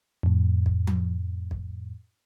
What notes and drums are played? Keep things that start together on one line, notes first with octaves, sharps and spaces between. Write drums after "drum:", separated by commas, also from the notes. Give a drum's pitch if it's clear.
F2 A2
drum: kick B1
drum: tom F3
drum: kick B1